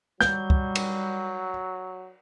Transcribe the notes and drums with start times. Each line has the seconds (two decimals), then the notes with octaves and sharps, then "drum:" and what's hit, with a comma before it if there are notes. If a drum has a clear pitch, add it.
0.21 F#3 G3 G6, drum: snare
0.50 drum: kick
0.75 drum: cymbal